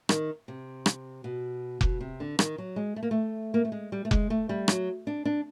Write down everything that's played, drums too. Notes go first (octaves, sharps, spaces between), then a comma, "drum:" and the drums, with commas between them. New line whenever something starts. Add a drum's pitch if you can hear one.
D#3, drum: rim click
C3
drum: rim click
B2
B2, drum: kick F1
C3
D3
D#3, drum: rim click
F#3
G#3
A3
A#3
A3
A#3
A3
G#3
G3
A3
G#3, drum: kick F1
A3
G3
F#3, drum: rim click
D4
D4